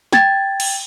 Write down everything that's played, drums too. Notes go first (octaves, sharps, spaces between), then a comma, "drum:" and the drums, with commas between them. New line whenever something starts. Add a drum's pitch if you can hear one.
G5 G#6 A6, drum: snare
drum: cymbal